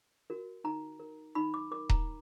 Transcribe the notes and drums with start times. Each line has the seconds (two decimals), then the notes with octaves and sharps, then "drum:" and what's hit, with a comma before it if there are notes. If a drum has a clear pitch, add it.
0.30 F#4 A#4
0.64 D#4 A#5
1.00 A#4
1.35 D#4 B5
1.54 D6
1.71 A#4 D6
1.89 A#5, drum: kick D#1